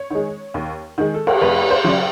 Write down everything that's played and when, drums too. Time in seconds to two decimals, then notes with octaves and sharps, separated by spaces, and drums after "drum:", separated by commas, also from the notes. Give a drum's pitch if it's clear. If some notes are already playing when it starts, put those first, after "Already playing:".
Already playing: C#5
0.10 D#3 G#3
0.54 D#2
0.98 D#3 G#3
1.14 A4
1.27 A#4, drum: cymbal
1.41 F1 B4
1.71 C5
1.84 C#3 F#3 D5